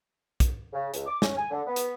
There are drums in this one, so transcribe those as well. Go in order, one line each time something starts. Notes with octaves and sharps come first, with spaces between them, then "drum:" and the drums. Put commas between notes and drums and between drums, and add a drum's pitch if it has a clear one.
drum: kick, hi-hat
C#3
C#2, drum: hi-hat
D6
C#4, drum: snare
G#5
D3
B3
drum: hi-hat